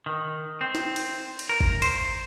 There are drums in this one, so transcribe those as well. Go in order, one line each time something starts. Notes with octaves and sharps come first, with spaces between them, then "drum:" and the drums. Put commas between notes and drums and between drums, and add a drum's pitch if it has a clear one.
D#3
C4
drum: snare
drum: cymbal
drum: cymbal
A#4
drum: kick
C5, drum: cymbal